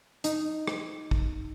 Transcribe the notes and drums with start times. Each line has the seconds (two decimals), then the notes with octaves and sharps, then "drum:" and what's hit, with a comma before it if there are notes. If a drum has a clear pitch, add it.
0.24 D#4, drum: hi-hat
0.68 drum: rim click
1.11 drum: kick